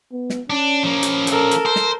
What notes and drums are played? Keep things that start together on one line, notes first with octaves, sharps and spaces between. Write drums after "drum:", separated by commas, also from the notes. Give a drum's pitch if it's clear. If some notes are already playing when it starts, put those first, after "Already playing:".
B3
drum: snare
C#4 D4
F3 A#3
drum: hi-hat
A4 A#4, drum: hi-hat
drum: hi-hat
C5
drum: snare